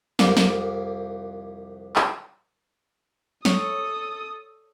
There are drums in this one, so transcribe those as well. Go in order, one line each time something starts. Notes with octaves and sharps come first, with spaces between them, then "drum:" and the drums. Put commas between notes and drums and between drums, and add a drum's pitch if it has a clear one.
C2 F2 G3 A#3, drum: snare
drum: snare
drum: clap
A4 C#5 D#6, drum: snare